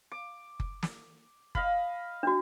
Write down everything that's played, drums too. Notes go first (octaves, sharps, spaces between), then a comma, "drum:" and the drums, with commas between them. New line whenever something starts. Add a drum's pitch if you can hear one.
D6
drum: kick F#1
drum: snare
D#5 F5 B5, drum: kick F#1
D4 F#4